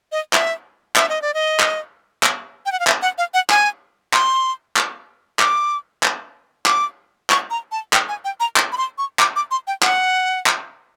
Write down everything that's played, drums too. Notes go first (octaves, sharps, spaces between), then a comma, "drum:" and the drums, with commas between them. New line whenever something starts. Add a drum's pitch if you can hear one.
D#5
E5, drum: clap
E5, drum: clap
D#5
D5
D#5
drum: clap
drum: clap
G5
F#5
F5
E5, drum: clap
F#5
F5
F#5
G#5, drum: clap
C6, drum: clap
drum: clap
D6, drum: clap
drum: clap
D6, drum: clap
C#6, drum: clap
A#5
A5
G5, drum: clap
G#5
G5
A#5
drum: clap
B5
C6
C#6
D6, drum: clap
D6
C6
G5
F#5, drum: clap
drum: clap